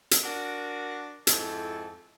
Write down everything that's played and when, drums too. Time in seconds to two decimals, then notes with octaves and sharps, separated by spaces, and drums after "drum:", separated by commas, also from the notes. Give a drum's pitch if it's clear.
0.11 drum: hi-hat
0.23 D4 F#4 A#4
1.27 F2 G#2 E4 A4, drum: hi-hat